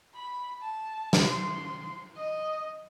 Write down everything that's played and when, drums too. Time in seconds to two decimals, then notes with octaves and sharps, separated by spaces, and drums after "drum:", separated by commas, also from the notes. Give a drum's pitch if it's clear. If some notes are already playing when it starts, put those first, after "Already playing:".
0.15 B5
0.61 A5
1.13 drum: snare
1.22 C6
2.16 D#5